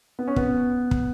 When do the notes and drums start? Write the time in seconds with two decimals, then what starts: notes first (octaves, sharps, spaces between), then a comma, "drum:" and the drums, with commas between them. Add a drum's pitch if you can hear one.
0.19 B3
0.28 C#4
0.36 B3, drum: kick
0.91 drum: kick